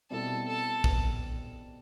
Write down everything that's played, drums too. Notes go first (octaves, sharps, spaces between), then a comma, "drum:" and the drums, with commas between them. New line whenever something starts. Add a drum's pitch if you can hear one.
B2 G3 C4 E4 A4
A4
drum: kick A#1